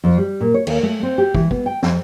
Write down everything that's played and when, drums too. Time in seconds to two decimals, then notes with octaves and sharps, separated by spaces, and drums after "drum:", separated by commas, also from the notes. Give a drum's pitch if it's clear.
0.04 F2
0.18 G3
0.40 A#2
0.54 C#5
0.67 D#2, drum: cymbal
0.83 A3
1.03 C4
1.18 G4
1.35 E3, drum: kick
1.51 B3, drum: kick
1.66 G5
1.83 F2, drum: snare